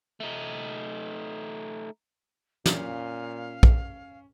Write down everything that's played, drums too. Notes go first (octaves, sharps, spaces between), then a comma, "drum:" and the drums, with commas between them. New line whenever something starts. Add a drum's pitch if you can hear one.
A3 D#4
A#2 C#4 F5, drum: snare
drum: kick